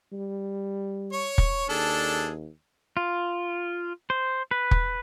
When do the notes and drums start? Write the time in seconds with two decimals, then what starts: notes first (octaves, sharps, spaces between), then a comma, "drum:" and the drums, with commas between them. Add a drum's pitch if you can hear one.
0.13 G3
1.12 C#5 C#6
1.38 drum: kick
1.69 D#2 D4 G#4 A4
2.97 F4
4.10 C5
4.51 B4
4.71 drum: kick